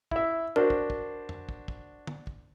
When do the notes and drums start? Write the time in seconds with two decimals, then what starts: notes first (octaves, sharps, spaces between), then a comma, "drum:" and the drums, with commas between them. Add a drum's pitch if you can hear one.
0.11 E4 E5, drum: kick
0.56 D4 F#4 A#4 C5
0.70 drum: kick
0.90 drum: kick
1.29 drum: tom F2
1.49 drum: kick
1.68 drum: kick
2.07 drum: tom
2.27 drum: kick